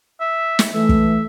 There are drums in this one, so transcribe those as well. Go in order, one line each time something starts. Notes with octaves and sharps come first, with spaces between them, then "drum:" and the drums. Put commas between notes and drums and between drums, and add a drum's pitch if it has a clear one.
E5
drum: snare
E3 A3 E5
drum: kick